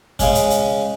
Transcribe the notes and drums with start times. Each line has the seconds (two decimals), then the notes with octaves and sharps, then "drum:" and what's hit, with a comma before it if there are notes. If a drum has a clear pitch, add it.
0.19 C#3 G#3 C#4, drum: kick, hi-hat
0.35 drum: hi-hat
0.50 drum: hi-hat